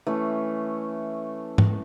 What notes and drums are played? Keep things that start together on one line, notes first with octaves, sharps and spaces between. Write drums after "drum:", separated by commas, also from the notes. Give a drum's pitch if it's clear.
E3 A3 C#4
drum: tom G#2